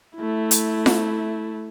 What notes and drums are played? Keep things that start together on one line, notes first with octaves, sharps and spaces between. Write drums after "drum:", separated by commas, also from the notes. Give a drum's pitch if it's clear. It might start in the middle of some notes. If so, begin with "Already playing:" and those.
A3 E4
drum: hi-hat
drum: snare F4